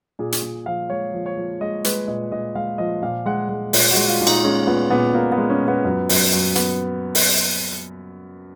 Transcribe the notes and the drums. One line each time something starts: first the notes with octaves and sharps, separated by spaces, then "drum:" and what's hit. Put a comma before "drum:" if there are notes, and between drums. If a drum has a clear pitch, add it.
A#2 G#4
drum: hi-hat
A#2
F3 F5
G#3 C#5
F3
C#5
F3
G#3 D#5
G#3 B4, drum: hi-hat
A#2 D#5
A#2 D#5
G#3 F5
F3 D#5
A#2 F5
G#3 F#5
G#3
A#2 C#5, drum: open hi-hat
F#4
G#3
F4
A#2
D#4, drum: cymbal
G#3 C#4
A#2 B3
A#2 B3
A#2 A#3
B3
G#3
C#4
A#2
B3
F#2
F#2, drum: open hi-hat
F#2
B3, drum: hi-hat
drum: open hi-hat